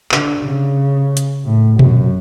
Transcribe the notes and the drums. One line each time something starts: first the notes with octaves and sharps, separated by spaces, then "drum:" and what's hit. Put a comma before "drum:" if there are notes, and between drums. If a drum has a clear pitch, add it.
D3, drum: clap
C#3
drum: hi-hat
A2
F#2, drum: tom A#2